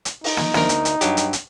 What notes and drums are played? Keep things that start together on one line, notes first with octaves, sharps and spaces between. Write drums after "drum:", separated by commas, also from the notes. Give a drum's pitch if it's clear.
drum: hi-hat
D#4, drum: open hi-hat
drum: snare
D2 A#4, drum: snare
drum: hi-hat
drum: hi-hat
G2 F#3 G4, drum: hi-hat
drum: hi-hat
drum: hi-hat